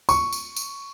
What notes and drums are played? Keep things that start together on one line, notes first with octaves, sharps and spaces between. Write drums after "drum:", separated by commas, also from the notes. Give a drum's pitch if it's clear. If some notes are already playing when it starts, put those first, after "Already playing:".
C#6, drum: tambourine
drum: tambourine
drum: tambourine